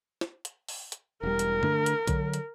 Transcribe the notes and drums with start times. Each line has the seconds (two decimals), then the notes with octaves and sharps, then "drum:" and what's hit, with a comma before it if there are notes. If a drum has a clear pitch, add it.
0.21 drum: snare
0.45 drum: hi-hat
0.68 drum: open hi-hat
0.92 drum: hi-hat
1.23 E1 G3 A#4
1.39 drum: hi-hat
1.63 D3 A3 D4, drum: tom
1.86 drum: hi-hat
2.07 D3 F#3, drum: kick B1, hi-hat
2.34 drum: hi-hat